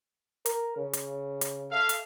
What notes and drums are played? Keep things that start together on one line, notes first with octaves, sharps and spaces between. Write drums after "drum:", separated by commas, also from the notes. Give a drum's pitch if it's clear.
A#4, drum: hi-hat
C#3
drum: hi-hat
drum: hi-hat
A4 E5 F5
drum: hi-hat